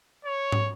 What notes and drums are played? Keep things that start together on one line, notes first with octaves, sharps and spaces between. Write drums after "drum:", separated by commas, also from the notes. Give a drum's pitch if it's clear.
C#5
drum: tom G#2